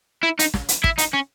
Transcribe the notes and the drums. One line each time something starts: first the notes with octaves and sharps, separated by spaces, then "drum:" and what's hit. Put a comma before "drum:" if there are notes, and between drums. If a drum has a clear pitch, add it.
E4
D#4, drum: hi-hat
drum: snare
drum: hi-hat
E4, drum: kick
D#4, drum: hi-hat
C#4